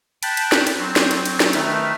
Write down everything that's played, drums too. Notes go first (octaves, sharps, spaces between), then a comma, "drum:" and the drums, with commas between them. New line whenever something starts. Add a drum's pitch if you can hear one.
G5 A5 B5 F#6 A6, drum: cymbal
drum: cymbal
drum: snare
drum: cymbal
F#3 C4
drum: snare
drum: cymbal
drum: cymbal
drum: snare
D#3 A3 B4 E5 F6, drum: cymbal